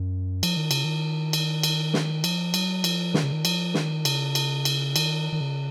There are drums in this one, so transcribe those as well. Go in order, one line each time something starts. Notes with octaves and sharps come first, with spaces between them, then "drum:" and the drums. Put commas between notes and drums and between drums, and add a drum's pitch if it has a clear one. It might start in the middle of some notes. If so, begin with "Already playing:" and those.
Already playing: F#2
F3, drum: cymbal
D#3
C#3, drum: cymbal
D#3
drum: cymbal
drum: cymbal
drum: snare
F3, drum: cymbal
F#3, drum: cymbal
F3, drum: cymbal
D#3, drum: snare
C#3
D#3
F3, drum: cymbal
D#3, drum: snare
C#3, drum: cymbal
drum: cymbal
drum: cymbal
D#3, drum: cymbal
D#3
C#3